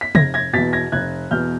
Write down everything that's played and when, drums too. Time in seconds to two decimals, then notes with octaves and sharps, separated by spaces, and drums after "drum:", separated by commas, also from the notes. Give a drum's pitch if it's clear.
0.01 B6
0.15 F1 G#6 A#6, drum: tom
0.34 G#6 A#6
0.53 E2 B2 A6 B6
0.73 G#6 A#6
0.92 F1 F#6 G#6
1.31 E2 B2 F6 G6